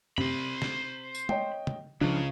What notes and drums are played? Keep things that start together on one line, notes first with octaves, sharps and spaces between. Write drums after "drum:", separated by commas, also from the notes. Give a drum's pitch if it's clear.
C3 C5 B5, drum: tom
drum: snare
drum: tambourine
C#5 D#5 G5, drum: tom G#3
drum: tom
C#2 C#3 F3 D4